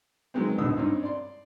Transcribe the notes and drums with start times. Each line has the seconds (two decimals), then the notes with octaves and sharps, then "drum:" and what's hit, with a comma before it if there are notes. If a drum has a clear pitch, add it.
0.34 D#3 F#3 G#3 B3 C4
0.58 A#1 D#2 B3 D#6 E6, drum: tom
0.77 G2 C4 C#4 D#4
1.03 D5 C6